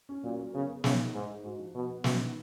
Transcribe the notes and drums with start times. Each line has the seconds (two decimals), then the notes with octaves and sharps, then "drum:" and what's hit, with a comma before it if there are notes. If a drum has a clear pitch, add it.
0.09 C#4
0.24 A#2 F#3
0.39 A#4
0.53 C#3 B3
0.69 A#4
0.84 C#3 D#4, drum: snare
0.99 D#4
1.14 G#2 D#4
1.30 G#4
1.44 G#2 F#4
1.59 F3
1.75 B2 F#4
1.89 B3
2.04 B2 C#4, drum: snare
2.20 D#3